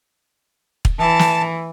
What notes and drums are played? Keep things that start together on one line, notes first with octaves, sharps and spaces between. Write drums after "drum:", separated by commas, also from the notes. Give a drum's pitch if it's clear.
drum: kick
E3 A5
drum: snare